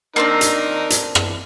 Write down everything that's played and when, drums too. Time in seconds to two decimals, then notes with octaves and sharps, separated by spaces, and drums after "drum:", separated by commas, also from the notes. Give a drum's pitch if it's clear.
0.16 A#3 C4 D4 D#4 A#4
0.41 drum: hi-hat
0.90 drum: hi-hat
1.15 drum: rim click